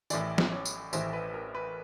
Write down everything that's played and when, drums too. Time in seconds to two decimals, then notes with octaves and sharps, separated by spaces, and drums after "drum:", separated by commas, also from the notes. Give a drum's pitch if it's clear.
0.10 A1 A2 E3 D5, drum: tambourine
0.38 drum: snare
0.52 C#5
0.65 drum: tambourine
0.93 A1 A2 E3 C5, drum: tambourine
1.13 B4
1.34 A#4
1.55 B4